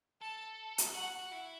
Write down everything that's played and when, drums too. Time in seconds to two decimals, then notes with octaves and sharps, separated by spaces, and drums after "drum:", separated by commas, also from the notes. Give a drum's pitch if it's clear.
0.21 A4 A5
0.78 drum: hi-hat
0.94 F#4 F#5
1.19 F#4
1.32 E4